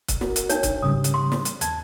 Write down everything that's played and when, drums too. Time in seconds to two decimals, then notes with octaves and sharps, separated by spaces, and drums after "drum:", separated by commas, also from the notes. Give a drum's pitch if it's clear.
0.08 drum: kick C#1, hi-hat
0.21 F#4 A#4, drum: snare
0.36 drum: hi-hat
0.49 D4 D#4 C#5, drum: hi-hat
0.63 drum: kick C#1, hi-hat
0.82 G#2 C#3 G3 D#6
1.04 drum: hi-hat
1.14 C6
1.32 drum: snare
1.45 drum: hi-hat
1.61 D#2 A5 G#6, drum: hi-hat